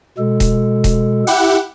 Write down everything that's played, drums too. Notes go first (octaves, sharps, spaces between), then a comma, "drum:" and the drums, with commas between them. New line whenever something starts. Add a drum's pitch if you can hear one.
B2 G#3 A4
drum: kick D#1, hi-hat
drum: kick D#1, hi-hat
E4 G4 F#5, drum: hi-hat